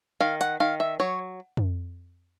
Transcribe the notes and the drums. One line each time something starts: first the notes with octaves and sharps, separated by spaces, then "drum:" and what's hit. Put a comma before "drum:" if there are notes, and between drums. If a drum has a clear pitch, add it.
D#3 F5
F#5, drum: hi-hat
D#3 F5
E5
F#3 C#5
drum: tom F2